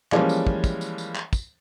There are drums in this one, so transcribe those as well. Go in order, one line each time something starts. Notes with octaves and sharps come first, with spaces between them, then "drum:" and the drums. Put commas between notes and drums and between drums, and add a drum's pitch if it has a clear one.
E3 F3 G3 G#3 A#3 C#4, drum: clap
drum: tambourine
drum: kick
drum: kick, tambourine
drum: tambourine
drum: tambourine
drum: clap
drum: kick, tambourine